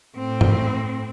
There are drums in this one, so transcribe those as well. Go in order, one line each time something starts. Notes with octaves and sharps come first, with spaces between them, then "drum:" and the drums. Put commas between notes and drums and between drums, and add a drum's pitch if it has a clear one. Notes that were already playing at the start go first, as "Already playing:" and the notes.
A2 C4
drum: tom G2